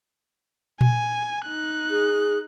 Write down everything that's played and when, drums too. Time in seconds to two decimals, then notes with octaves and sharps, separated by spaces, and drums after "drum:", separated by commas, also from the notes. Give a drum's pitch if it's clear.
0.81 G#5, drum: tom A#2
1.45 D#4 F#6
1.91 G#4